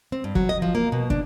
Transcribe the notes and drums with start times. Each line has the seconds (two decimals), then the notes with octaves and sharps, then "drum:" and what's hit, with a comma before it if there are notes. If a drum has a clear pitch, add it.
0.12 C4
0.24 G2
0.35 F#3, drum: kick
0.49 D#5
0.62 F3
0.75 A#3
0.92 B2
1.10 D4, drum: kick